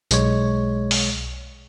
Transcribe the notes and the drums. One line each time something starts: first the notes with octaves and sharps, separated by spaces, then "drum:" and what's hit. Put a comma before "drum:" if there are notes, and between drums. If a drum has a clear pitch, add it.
B1 G#3 C#5, drum: tambourine
drum: open hi-hat